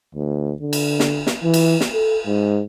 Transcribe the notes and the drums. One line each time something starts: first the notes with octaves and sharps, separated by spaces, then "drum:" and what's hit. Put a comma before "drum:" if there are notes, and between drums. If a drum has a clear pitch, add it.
D2
D3
drum: cymbal
drum: snare
drum: snare
E3
drum: cymbal
drum: snare
A4
G#2